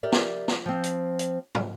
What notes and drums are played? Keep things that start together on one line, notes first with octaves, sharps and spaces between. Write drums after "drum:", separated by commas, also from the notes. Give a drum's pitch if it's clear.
G4 A#4 D5 E5
drum: snare
drum: snare
F3 C4
drum: hi-hat
drum: hi-hat
drum: tom